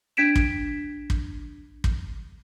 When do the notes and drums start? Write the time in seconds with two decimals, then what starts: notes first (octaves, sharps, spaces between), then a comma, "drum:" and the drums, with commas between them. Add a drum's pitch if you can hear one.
0.17 D4 G#6 B6 D7 E7
0.36 drum: kick
1.10 drum: kick
1.84 drum: kick